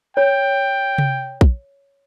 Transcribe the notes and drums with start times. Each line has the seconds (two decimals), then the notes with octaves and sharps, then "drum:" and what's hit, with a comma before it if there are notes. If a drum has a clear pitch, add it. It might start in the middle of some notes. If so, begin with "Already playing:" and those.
0.17 C#5 G5
0.98 drum: tom C3
1.41 drum: kick A#1